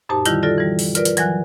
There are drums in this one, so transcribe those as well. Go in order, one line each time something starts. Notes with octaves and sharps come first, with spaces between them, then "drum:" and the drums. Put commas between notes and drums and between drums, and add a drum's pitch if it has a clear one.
F#2 A#2 D#4 G4 C5 A5
D3 D#3 G3 E4 F4, drum: hi-hat
F4 F#4 A4 D5 A6 A#6
E3 G3
drum: open hi-hat
F4 A#4 B4 D5, drum: hi-hat
drum: hi-hat
E3 F#3 G#5 F#6, drum: hi-hat